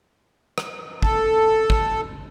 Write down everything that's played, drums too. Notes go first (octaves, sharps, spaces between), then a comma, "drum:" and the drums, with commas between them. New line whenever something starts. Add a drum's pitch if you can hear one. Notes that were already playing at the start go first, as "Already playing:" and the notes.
drum: rim click
A4, drum: kick
drum: kick